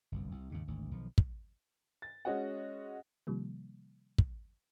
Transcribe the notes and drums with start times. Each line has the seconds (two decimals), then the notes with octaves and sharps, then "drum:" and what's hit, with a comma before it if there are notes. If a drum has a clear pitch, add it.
0.12 G1 C2 F#2
0.31 C2
0.52 D#2 G#2 C#3
0.68 G#1 D2
0.91 B1 D#3 F3
1.18 drum: kick
2.02 A6
2.25 G#3 C#4 F#4 D#5 F#5
3.27 C3 D#3 F3 G3 A#3
4.18 drum: kick